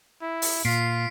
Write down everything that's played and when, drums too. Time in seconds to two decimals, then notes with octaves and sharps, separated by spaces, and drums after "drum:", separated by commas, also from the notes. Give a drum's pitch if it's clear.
0.22 E4
0.42 drum: open hi-hat
0.65 A#2 F4 B6 C7 D7